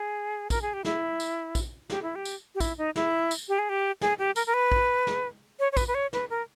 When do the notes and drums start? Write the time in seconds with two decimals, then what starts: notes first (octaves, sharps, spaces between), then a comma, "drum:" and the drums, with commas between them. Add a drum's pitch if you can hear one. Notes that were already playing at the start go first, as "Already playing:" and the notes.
Already playing: G#4
0.50 A#4, drum: kick, tambourine
0.62 G#4
0.74 G4
0.85 E4, drum: snare
1.20 drum: tambourine
1.55 drum: kick, tambourine
1.90 G4, drum: snare
2.03 E4
2.15 G4
2.25 drum: tambourine
2.55 G4
2.60 E4, drum: kick, tambourine
2.78 D#4
2.96 E4, drum: snare
3.31 drum: tambourine
3.48 G4
3.59 G#4
3.69 G4
4.01 G#4, drum: snare
4.19 G4
4.36 A#4, drum: tambourine
4.47 A#4
4.54 B4
4.72 drum: kick
5.07 drum: snare
5.60 C#5
5.72 C#5
5.77 B4, drum: kick, tambourine
5.88 B4
5.95 C#5
6.13 B4, drum: snare
6.30 A#4